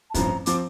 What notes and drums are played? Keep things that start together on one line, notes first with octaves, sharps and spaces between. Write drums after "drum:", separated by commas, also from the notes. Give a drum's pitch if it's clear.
A5
A1 G2 F3 C4 A#5, drum: kick, hi-hat
F3 C4 D6, drum: hi-hat